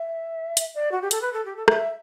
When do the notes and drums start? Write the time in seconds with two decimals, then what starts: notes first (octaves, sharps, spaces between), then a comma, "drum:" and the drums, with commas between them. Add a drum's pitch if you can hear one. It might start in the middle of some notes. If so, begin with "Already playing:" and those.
Already playing: E5
0.57 drum: hi-hat
0.74 D5
0.91 F#4
1.01 G4
1.11 A4, drum: hi-hat
1.21 B4
1.33 A4
1.45 G4
1.56 A4
1.68 E5, drum: rim click